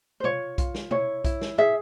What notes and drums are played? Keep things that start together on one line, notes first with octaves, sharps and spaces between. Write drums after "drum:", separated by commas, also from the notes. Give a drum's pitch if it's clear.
C5
F4 C#5, drum: tom
F4, drum: kick B1, hi-hat
drum: snare
E4 C#5, drum: tom B2
E4, drum: kick B1, hi-hat
drum: snare
G#4 E5, drum: tom A2